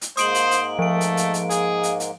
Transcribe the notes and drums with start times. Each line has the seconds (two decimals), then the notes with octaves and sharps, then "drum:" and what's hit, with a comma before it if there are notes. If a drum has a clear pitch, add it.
0.01 drum: hi-hat
0.17 G#2 G#3 A#3 C5 D#6 D7 F#7, drum: hi-hat
0.35 drum: hi-hat
0.51 drum: hi-hat
0.79 F3 A3 D7
1.01 drum: hi-hat
1.17 drum: hi-hat
1.34 drum: hi-hat
1.50 G#4, drum: hi-hat
1.83 drum: hi-hat
2.00 drum: hi-hat